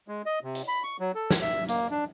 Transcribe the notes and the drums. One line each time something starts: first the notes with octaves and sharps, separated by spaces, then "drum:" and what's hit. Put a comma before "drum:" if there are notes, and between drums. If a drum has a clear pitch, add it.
G#3
D#5
C3
drum: hi-hat
B5
C#6
F#3
A4
drum: snare
E5
A#3, drum: hi-hat
D4